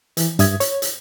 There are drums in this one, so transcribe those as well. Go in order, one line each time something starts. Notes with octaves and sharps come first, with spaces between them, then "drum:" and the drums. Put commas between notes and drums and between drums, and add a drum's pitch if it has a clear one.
E3, drum: hi-hat
G2 E5 D#6 G#6, drum: hi-hat
C#5, drum: hi-hat
drum: hi-hat